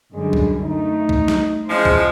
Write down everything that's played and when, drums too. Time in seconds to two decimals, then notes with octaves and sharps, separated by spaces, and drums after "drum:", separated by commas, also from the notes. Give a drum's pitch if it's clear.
0.14 F#2 D3 G3 G#3
0.33 drum: kick
0.64 A3 D#4
1.09 drum: kick
1.28 drum: snare
1.69 F3 G#3 C#4 E4 C5
1.85 drum: kick